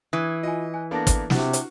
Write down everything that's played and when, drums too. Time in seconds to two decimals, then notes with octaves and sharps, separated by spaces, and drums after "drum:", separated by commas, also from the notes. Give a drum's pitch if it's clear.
0.13 E3 D#6 F#6 G#6
0.43 F4 D#5 G#5
0.74 G#5 F#6
0.91 A#3 B3 D4 A4 A5 A#6
1.07 drum: kick, hi-hat
1.30 C3 D4 E4 F#4 F#5, drum: snare
1.53 drum: hi-hat